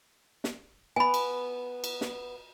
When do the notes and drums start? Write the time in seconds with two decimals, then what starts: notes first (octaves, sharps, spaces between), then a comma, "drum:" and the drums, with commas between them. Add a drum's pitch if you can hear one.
0.44 drum: snare
0.96 B3 G#5 B5
1.14 drum: cymbal
1.84 drum: cymbal
2.01 drum: snare